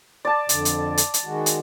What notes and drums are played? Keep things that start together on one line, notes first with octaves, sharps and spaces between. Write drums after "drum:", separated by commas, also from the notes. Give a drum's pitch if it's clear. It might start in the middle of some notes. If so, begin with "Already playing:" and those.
D5 A5
F2 D3, drum: hi-hat
drum: hi-hat
drum: hi-hat
drum: hi-hat
D#3 G#3 F#4
drum: hi-hat